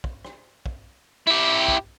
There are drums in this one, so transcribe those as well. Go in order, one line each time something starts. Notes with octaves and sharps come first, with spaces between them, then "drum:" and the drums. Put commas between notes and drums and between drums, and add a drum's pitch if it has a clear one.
drum: kick
drum: rim click
drum: kick
E4 G4
drum: kick